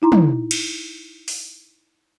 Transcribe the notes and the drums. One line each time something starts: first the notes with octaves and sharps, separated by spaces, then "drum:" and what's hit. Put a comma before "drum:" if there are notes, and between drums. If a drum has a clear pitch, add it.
D#4 E4 A#5 C6
drum: tom
drum: cymbal
drum: open hi-hat